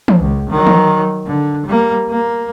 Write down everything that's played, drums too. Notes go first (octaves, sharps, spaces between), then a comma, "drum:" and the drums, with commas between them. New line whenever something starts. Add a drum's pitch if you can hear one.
drum: tom
C#2
D#3 F#3
drum: tom
D3
G3 A#3
A#3